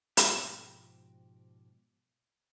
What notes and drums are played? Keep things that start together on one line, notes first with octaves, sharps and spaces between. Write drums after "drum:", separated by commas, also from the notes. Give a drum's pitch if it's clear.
G#2 B2 F3 G4, drum: hi-hat